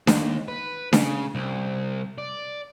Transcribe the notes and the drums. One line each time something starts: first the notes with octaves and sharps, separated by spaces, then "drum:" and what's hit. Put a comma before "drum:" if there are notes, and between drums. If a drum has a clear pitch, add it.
D#2, drum: snare D4
B4
C#3, drum: snare D4
C2
D5